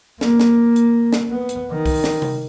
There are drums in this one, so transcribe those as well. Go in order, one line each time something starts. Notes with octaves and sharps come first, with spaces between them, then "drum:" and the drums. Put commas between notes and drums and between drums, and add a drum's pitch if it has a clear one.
A#3, drum: snare
drum: snare
drum: hi-hat
drum: snare
B3
drum: hi-hat
D#3
drum: kick, open hi-hat
drum: snare
drum: tom C3